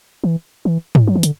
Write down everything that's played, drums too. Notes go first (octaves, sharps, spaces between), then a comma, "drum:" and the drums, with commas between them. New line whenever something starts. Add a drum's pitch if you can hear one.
E3
E3
drum: tom
F#3
E3
D3, drum: hi-hat